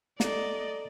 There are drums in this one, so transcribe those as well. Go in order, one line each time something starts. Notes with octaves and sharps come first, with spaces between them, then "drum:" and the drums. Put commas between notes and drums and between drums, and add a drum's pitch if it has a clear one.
A4 D5 D#5 A#5, drum: snare